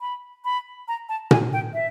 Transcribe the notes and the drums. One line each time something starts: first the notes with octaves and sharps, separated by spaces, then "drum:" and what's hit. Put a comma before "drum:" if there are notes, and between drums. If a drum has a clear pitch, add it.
B5
B5
A#5
A5
G#5, drum: tom A#2
G5
E5